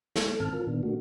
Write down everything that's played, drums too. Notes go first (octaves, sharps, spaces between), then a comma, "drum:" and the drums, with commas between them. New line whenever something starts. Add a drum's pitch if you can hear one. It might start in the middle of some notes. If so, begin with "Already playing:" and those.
G#3, drum: snare
A4
G#2 D#3 C4 A5 F6
F4 A#4
A#2 D#3 B3 D4
A3 A#3 D4 F#4